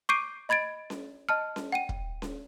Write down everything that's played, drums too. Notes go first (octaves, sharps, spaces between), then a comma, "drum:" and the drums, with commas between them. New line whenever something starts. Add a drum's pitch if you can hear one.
C#6 D6 G6 C7 D7 D#7
D#5 B5 G#6 A6 D7
drum: snare C#4
D#5 A5 F6
drum: snare C#4
F#5 G5 D#7
drum: kick
drum: snare C#4